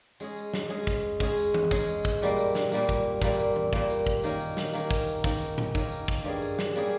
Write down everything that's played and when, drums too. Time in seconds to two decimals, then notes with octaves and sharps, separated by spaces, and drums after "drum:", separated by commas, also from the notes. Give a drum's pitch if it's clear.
0.20 G#3 C#4 G#4, drum: tambourine
0.37 drum: tambourine
0.54 drum: snare
0.70 G#3 C#4 G#4
0.87 drum: kick, tambourine
1.20 G#3 C#4 G#4, drum: kick, tambourine
1.38 drum: tambourine
1.54 drum: tom E3
1.71 G#3 C#4 G#4, drum: kick, tambourine
1.88 drum: tambourine
2.05 drum: kick, tambourine
2.22 A#2 G3 A#3, drum: tambourine
2.38 drum: tambourine
2.55 drum: snare
2.72 A#2 G3 A#3, drum: tambourine
2.89 drum: kick, tambourine
3.22 A#2 G3 A#3, drum: kick, tambourine
3.39 drum: tambourine
3.56 drum: tom E3
3.73 A#2 G3 A#3, drum: kick
3.90 drum: tambourine
4.07 drum: kick, tambourine
4.24 D#3 A#3 C#4, drum: tambourine
4.40 drum: tambourine
4.57 drum: snare
4.74 D#3 A#3 C#4, drum: tambourine
4.91 drum: kick, tambourine
5.07 drum: tambourine
5.24 D#3 A#3 C#4, drum: kick, tambourine
5.41 drum: tambourine
5.58 drum: tom A#2
5.75 D#3 A#3 C#4, drum: kick, tambourine
5.91 drum: tambourine
6.08 drum: kick, tambourine
6.23 G2 G3 A#3 C#4 G#4
6.42 drum: tambourine
6.59 drum: snare
6.75 G3 A#3 C#4 G#4, drum: tambourine